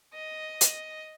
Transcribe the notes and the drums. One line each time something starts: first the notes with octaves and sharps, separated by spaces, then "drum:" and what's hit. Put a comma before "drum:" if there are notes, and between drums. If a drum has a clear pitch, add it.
D#5
drum: hi-hat